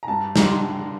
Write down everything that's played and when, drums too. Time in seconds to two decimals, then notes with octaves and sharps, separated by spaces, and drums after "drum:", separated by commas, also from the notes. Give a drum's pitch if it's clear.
0.03 A#5
0.08 G2 A5
0.36 D3 G3 A#5, drum: snare
0.44 C6